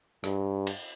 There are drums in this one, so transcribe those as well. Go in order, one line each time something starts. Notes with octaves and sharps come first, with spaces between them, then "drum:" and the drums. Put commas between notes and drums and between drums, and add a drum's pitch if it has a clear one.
G2, drum: rim click
drum: cymbal